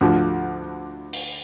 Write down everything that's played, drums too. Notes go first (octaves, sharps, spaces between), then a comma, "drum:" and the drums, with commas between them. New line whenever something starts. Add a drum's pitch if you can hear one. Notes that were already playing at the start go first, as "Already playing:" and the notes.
D2 D3 F3
drum: open hi-hat